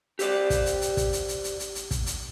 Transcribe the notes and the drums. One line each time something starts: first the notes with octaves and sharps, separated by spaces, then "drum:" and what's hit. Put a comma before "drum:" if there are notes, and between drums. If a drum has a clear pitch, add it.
G4 C5 D5, drum: hi-hat
drum: kick, hi-hat
drum: hi-hat
drum: hi-hat
drum: kick, hi-hat
drum: hi-hat
drum: hi-hat
drum: hi-hat
drum: hi-hat
drum: hi-hat
drum: kick, hi-hat
drum: hi-hat